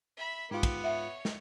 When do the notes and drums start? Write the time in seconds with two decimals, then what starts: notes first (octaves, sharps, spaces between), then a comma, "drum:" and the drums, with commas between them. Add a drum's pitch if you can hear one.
0.17 E5 B5
0.51 G#2 B3 F4 G4 D6
0.63 drum: kick, cymbal
0.84 C#5 E5 F#5
1.25 drum: snare